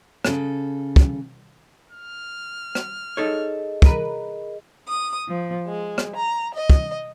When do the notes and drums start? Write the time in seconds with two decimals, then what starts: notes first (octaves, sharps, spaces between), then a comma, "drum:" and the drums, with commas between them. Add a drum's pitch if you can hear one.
0.25 C#3 A4, drum: rim click
0.96 drum: kick
1.92 F6
2.75 drum: rim click
3.17 D#4 G#4 A4 C#5 D#5
3.82 A#4 B4, drum: kick
4.87 D#6
5.28 F3
5.67 G#3
5.98 drum: rim click
6.15 A#5
6.54 D#5
6.70 drum: kick